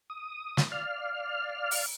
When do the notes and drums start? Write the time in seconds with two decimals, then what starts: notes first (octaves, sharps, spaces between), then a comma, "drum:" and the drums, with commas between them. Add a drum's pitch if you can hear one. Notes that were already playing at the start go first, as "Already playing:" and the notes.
0.10 D#6
0.57 drum: snare
0.72 D5 F5 F6
1.71 drum: open hi-hat